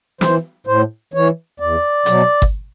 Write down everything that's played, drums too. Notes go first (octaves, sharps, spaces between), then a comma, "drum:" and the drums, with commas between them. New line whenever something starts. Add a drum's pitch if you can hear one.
E3 C5, drum: snare
A2 C5
E3 C#5
E2 D5
B2 F#3, drum: hi-hat
drum: kick G1